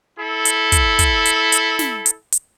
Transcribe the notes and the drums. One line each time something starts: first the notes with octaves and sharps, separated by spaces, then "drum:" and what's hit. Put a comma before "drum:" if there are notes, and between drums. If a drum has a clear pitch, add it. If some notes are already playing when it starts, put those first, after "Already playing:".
E4 A4
drum: hi-hat
drum: kick, hi-hat
drum: kick, hi-hat
drum: hi-hat
drum: hi-hat
drum: snare
drum: hi-hat
drum: hi-hat